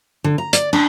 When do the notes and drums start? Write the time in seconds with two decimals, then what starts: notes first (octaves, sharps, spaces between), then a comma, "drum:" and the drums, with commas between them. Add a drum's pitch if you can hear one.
0.24 D3
0.38 A#5
0.53 D5, drum: hi-hat
0.73 D4, drum: cymbal